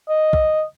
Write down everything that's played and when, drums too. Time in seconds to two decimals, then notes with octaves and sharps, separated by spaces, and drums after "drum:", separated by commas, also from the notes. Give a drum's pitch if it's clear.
0.09 D#5
0.33 drum: kick